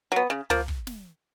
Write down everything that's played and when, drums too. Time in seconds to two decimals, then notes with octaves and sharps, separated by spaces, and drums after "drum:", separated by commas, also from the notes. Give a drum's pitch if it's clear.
0.12 F#3 B3
0.30 C#3
0.50 F3 A#3, drum: tom
0.68 drum: kick
0.87 drum: snare